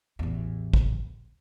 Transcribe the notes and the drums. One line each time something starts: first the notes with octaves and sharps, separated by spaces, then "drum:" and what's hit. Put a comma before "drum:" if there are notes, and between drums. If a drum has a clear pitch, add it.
A1 E2
drum: kick